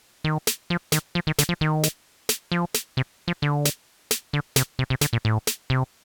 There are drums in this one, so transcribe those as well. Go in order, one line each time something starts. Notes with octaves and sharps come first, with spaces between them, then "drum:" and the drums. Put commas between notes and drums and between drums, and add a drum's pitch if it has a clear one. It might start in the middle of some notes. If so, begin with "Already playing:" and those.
D#3
drum: snare
F3
D#3, drum: snare
F3
D#3
D3, drum: snare
F3
D#3
drum: snare
drum: snare
F3
drum: snare
C3
F3
D3
drum: snare
drum: snare
D3
C3, drum: snare
C3
C3
D3, drum: snare
A#2
A2
drum: snare
C3